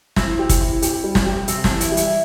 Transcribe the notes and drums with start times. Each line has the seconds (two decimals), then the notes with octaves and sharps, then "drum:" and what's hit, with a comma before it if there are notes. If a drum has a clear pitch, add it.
0.16 C4 E4, drum: snare
0.39 G4
0.49 drum: kick, hi-hat
0.61 E4
0.82 G4, drum: hi-hat
1.04 G3
1.15 drum: snare
1.26 G4
1.48 C3 C4, drum: hi-hat
1.64 D4, drum: snare
1.70 E3
1.81 E4, drum: hi-hat
1.92 G3
1.97 E4, drum: hi-hat